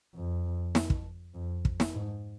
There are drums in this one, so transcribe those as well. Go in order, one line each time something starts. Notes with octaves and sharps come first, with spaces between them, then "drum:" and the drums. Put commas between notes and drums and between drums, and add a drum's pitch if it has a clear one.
F2
drum: snare
drum: kick
F2
drum: kick
drum: snare
G#2